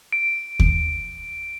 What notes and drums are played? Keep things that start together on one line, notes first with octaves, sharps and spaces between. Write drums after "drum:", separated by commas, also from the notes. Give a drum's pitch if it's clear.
D7
drum: kick